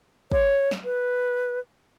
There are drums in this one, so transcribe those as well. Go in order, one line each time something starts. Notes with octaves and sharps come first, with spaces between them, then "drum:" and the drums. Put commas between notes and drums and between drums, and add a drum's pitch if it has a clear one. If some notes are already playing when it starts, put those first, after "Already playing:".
C#5, drum: kick
drum: snare
B4